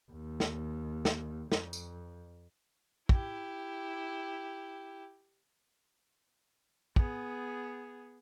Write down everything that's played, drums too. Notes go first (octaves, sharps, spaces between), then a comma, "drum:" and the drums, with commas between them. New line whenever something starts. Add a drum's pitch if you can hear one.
D#2
drum: snare
drum: snare
F2, drum: snare
drum: tambourine
E4 G4, drum: kick
B3 G#4, drum: kick